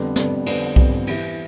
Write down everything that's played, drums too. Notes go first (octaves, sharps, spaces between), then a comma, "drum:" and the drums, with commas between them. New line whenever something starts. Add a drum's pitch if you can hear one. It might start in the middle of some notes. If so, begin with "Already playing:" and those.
Already playing: F2 D3 G3 B3
F2 D3 G3 B3, drum: snare
F2 D3 G3 B3, drum: cymbal
F2 D3 G3 B3, drum: kick B1
E3 B3 E4 G4, drum: cymbal